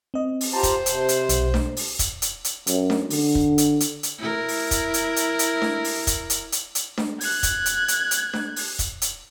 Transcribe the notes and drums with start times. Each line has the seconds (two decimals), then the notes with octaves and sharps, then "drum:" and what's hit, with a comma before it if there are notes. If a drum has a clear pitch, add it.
0.14 C4 D#5
0.41 drum: open hi-hat
0.53 F4 G4 C5 A5 A#5
0.63 drum: kick, hi-hat
0.86 C3, drum: hi-hat
1.09 drum: hi-hat
1.29 B1, drum: hi-hat
1.54 drum: snare D4
1.77 drum: open hi-hat
1.99 drum: kick, hi-hat
2.22 drum: hi-hat
2.44 drum: hi-hat
2.67 F#2, drum: hi-hat
2.90 drum: snare D4
3.10 D3, drum: open hi-hat
3.35 drum: kick
3.58 drum: hi-hat
3.80 drum: hi-hat
4.03 drum: hi-hat
4.18 E4 A#4
4.48 drum: open hi-hat
4.71 drum: kick, hi-hat
4.94 drum: hi-hat
5.16 drum: hi-hat
5.39 drum: hi-hat
5.62 drum: snare D4
5.84 drum: open hi-hat
6.07 drum: kick, hi-hat
6.30 drum: hi-hat
6.52 drum: hi-hat
6.75 drum: hi-hat
6.98 drum: snare D4
7.21 F#6 G#6, drum: open hi-hat
7.43 drum: kick, hi-hat
7.66 drum: hi-hat
7.88 drum: hi-hat
8.11 drum: hi-hat
8.34 drum: snare D4
8.56 drum: open hi-hat
8.79 drum: kick, hi-hat
9.02 drum: hi-hat